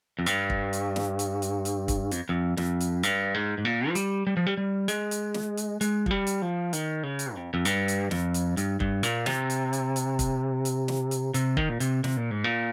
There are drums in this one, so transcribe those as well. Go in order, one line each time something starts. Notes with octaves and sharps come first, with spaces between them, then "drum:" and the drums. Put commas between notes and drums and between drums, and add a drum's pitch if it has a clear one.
F2
G2, drum: hi-hat
drum: kick
drum: hi-hat
drum: snare
drum: hi-hat
drum: hi-hat
drum: hi-hat
drum: kick, hi-hat
F2, drum: hi-hat
F2
F2, drum: snare
drum: hi-hat
G2, drum: hi-hat
G#2
G#2
A#2
F3
G3, drum: hi-hat
G3
F3
G3
G3
G#3, drum: hi-hat
drum: hi-hat
drum: snare
drum: hi-hat
G#3, drum: hi-hat
F3, drum: kick
G3
drum: hi-hat
F3
D#3, drum: hi-hat
C#3
drum: hi-hat
F2
F2
G2, drum: hi-hat
drum: hi-hat
F2, drum: snare
drum: hi-hat
G2, drum: hi-hat
G2, drum: kick
A#2, drum: hi-hat
C3, drum: snare
drum: hi-hat
drum: hi-hat
drum: hi-hat
drum: kick, hi-hat
drum: hi-hat
drum: snare
drum: hi-hat
C3, drum: hi-hat
D#3, drum: kick
A#2
C3, drum: hi-hat
C3, drum: snare
A#2
G#2
A#2